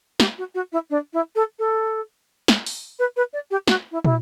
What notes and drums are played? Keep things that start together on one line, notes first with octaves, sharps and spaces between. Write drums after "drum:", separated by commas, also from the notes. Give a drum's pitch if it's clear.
G4, drum: snare
F#4
F#4
E4
D4
E4
A4
A4
drum: snare
drum: open hi-hat
B4
B4
D5
G4
F#4, drum: snare
E4
E4, drum: tom